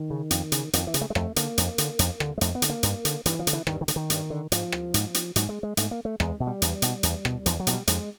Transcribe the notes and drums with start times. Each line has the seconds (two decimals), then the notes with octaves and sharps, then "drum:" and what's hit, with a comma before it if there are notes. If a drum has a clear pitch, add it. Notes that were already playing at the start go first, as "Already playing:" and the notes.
Already playing: D#3
0.10 C#3
0.31 F2, drum: hi-hat
0.52 C#3, drum: hi-hat
0.73 F2 D#3, drum: hi-hat
0.87 E3
0.94 C#3, drum: hi-hat
1.01 A3
1.10 G#3
1.15 F2 A3, drum: rim click
1.36 D3 A#3, drum: hi-hat
1.58 F2, drum: hi-hat
1.78 D3, drum: hi-hat
1.99 F2, drum: hi-hat
2.20 D3, drum: rim click
2.38 G#3
2.41 F2 A3, drum: hi-hat
2.55 B3
2.62 D3, drum: hi-hat
2.70 A#3
2.83 G2, drum: hi-hat
3.05 D3, drum: hi-hat
3.26 G2 E3, drum: hi-hat
3.39 F3
3.47 D3, drum: hi-hat
3.53 E3
3.67 G2 D#3, drum: rim click
3.81 D#3
3.88 D3, drum: hi-hat
3.96 D#3
4.10 G2, drum: hi-hat
4.30 D3
4.52 G#2 F3, drum: hi-hat
4.72 drum: rim click
4.94 G#2, drum: hi-hat
5.14 drum: hi-hat
5.36 G#2 F#3, drum: hi-hat
5.49 G#3
5.63 G#3
5.77 G#2 A3, drum: hi-hat
5.91 A#3
6.05 A3
6.20 E2 G#3, drum: rim click
6.40 B2
6.47 G3
6.62 E2, drum: hi-hat
6.82 B2, drum: hi-hat
7.03 E2, drum: hi-hat
7.25 B2, drum: rim click
7.46 E2 F3, drum: hi-hat
7.60 F#3
7.67 B2 G#3, drum: hi-hat
7.73 G3
7.87 F2 G#3, drum: hi-hat